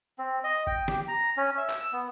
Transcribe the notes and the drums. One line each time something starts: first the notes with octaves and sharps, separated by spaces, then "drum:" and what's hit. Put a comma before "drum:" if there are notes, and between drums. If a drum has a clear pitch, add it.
C4
D#5
G5, drum: kick G1
G4, drum: snare
A#5
C#4
E5
drum: clap
E6
B3